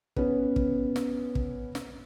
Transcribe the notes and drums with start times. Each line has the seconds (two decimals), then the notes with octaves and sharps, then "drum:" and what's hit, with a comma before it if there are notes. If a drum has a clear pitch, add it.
0.16 B3 C#4, drum: kick
0.56 drum: kick
0.96 drum: snare
1.35 drum: kick
1.75 drum: snare